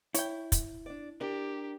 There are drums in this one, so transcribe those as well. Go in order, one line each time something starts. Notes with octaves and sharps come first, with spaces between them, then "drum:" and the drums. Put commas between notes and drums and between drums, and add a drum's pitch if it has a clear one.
E4 C#5 G5, drum: hi-hat
drum: kick, hi-hat
D4 D5
D4 G4 A#4